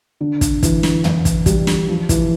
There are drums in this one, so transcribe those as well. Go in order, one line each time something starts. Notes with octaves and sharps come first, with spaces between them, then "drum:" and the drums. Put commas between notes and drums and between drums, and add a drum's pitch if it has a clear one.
D3
drum: kick, hi-hat
E3, drum: kick, hi-hat
drum: snare
E3, drum: tom
drum: kick, hi-hat
G3, drum: kick, hi-hat
drum: snare
F3
E3, drum: kick, hi-hat